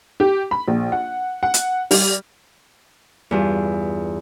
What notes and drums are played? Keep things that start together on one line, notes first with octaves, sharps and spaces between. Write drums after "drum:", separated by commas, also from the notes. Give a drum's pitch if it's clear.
G4
B5
A#1
F#5
F#5
drum: hi-hat
G3, drum: open hi-hat
E2 G2 F4